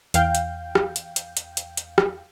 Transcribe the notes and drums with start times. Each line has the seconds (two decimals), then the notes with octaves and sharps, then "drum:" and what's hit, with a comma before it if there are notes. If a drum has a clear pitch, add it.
0.14 E2 F5 G5 G6, drum: hi-hat
0.35 drum: hi-hat
0.75 drum: rim click
0.96 drum: hi-hat
1.16 drum: hi-hat
1.37 drum: hi-hat
1.57 drum: hi-hat
1.77 drum: hi-hat
1.98 drum: rim click